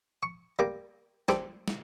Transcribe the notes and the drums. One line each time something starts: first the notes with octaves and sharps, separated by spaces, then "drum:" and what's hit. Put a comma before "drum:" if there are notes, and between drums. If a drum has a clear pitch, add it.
C#6
G3 A#3 D6
D4 G4 A4 C5 C6 D6, drum: snare
drum: snare